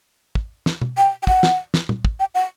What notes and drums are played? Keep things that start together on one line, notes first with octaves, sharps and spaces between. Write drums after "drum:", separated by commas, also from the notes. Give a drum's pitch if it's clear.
drum: kick
drum: snare
drum: tom B2
G5
G5
F#5, drum: kick
drum: snare
drum: snare
drum: tom
drum: kick
G5
F#5